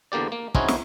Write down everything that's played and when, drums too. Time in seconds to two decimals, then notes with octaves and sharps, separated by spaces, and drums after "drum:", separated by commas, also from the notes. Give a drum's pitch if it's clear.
0.12 E2 D3 A#3 G4 D5
0.32 A#3
0.55 C4 C#4 D#4 E4 F#4 G#4, drum: kick
0.68 drum: snare